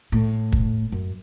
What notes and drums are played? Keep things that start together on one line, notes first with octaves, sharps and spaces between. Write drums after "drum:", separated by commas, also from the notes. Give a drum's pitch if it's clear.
A2
drum: kick
F#2